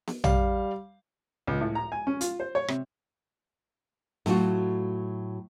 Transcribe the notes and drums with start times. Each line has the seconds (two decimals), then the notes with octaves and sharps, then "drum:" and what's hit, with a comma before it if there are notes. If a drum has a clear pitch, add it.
0.07 drum: snare B3
0.24 G3 F5, drum: tom
1.47 C#2
1.61 A2
1.75 A#5
1.92 G#5
2.07 C#4
2.21 F4, drum: hi-hat
2.40 C5
2.55 C#5
2.68 C3, drum: rim click
4.26 A2 F#3 A3 F4 F#4, drum: snare B3